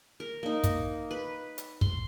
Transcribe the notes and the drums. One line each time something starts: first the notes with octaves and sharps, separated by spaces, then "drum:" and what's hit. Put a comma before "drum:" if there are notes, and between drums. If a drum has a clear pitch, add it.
A#4
A#3 D#4
drum: kick, hi-hat
B4
drum: hi-hat
C6, drum: kick